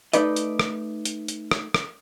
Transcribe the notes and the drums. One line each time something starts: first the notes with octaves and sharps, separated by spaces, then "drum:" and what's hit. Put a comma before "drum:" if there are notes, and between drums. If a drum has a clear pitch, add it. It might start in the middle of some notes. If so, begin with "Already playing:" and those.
A3 D#4 B4 D5 D#5, drum: hi-hat
drum: hi-hat
drum: rim click
drum: hi-hat
drum: hi-hat
drum: rim click
drum: rim click